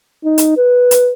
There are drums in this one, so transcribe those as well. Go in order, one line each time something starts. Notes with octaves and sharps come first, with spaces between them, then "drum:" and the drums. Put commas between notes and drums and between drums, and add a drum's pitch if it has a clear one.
D#4
drum: hi-hat
B4
drum: hi-hat